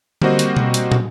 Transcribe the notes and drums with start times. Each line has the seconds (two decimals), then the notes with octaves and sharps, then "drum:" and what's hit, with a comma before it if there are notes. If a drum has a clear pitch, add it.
0.22 G3 A#3 C4 F#4 C5 D#5, drum: tom D3
0.39 drum: hi-hat
0.57 drum: tom B2
0.74 drum: hi-hat
0.92 drum: tom